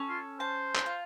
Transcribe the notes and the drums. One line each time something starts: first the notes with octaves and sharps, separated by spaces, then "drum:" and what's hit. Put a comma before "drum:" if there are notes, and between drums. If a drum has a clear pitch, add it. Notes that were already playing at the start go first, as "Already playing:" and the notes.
Already playing: C#4 A4
F4
C5 A5
drum: clap
F4